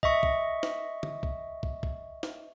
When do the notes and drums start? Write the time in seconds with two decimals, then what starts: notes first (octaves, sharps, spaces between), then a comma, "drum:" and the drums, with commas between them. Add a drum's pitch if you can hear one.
0.03 D#5 E5 C#6, drum: kick
0.23 drum: kick
0.63 drum: snare
1.03 drum: tom D3
1.23 drum: kick
1.63 drum: kick
1.83 drum: kick
2.23 drum: snare